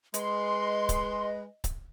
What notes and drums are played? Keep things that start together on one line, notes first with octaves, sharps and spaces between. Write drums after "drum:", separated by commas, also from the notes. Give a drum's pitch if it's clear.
G#3 B4 D#5 C6, drum: hi-hat
drum: kick C#1, hi-hat
drum: kick C#1, hi-hat